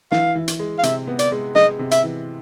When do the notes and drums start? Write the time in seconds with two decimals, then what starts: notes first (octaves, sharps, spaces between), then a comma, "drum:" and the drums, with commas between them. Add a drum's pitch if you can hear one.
0.11 E3 F5, drum: snare
0.35 E3
0.48 drum: hi-hat
0.59 G#3
0.78 F5
0.83 C3 E5, drum: hi-hat
1.07 B3
1.19 D5, drum: hi-hat
1.32 G#3
1.55 G#3 D#5, drum: snare
1.79 C3
1.91 E5, drum: hi-hat
2.03 E3